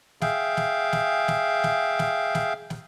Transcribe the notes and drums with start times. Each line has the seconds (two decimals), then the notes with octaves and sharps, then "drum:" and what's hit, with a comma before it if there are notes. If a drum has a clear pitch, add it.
0.21 G#4 E5 F5 G5, drum: snare
0.57 drum: snare
0.92 drum: snare
1.28 drum: snare
1.64 drum: snare
1.99 drum: snare
2.35 drum: snare
2.70 drum: snare